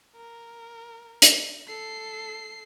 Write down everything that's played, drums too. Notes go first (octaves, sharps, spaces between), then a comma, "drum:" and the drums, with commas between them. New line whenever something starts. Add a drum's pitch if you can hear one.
A#4
drum: hi-hat
A4 C7